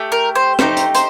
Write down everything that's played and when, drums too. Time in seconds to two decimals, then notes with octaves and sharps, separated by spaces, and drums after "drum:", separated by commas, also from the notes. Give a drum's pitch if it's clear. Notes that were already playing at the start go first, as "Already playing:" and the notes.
Already playing: A3 G4
0.12 A#4
0.35 C5
0.59 A3 D#4 G4 C5, drum: rim click
0.77 drum: hi-hat
0.95 C5, drum: hi-hat